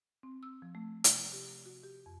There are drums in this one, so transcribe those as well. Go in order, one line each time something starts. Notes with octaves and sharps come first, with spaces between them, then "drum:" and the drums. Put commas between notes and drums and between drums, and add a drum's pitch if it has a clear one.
C4
E6
F3
A3
C3, drum: hi-hat
G4
F#4
G4
F2